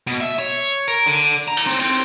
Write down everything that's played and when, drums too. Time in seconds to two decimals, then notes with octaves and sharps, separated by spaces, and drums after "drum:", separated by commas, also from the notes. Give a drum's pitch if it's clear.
0.07 B2
0.20 E5
0.38 C#5
0.88 A#4
1.06 D3
1.48 A#5
1.57 drum: cymbal
1.66 C4
1.80 C4, drum: cymbal